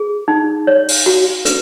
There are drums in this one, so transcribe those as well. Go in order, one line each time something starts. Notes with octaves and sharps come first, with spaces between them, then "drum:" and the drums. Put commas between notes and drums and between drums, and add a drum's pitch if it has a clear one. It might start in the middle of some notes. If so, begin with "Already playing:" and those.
Already playing: G#4
D#4
C#5
drum: open hi-hat
F#4
B4, drum: hi-hat